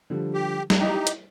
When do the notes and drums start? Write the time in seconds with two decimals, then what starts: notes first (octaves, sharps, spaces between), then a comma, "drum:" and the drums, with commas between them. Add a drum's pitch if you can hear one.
0.10 D3 F3 G3
0.34 G4
0.70 drum: snare
0.79 D#4 E4 G4 D#5
1.07 drum: hi-hat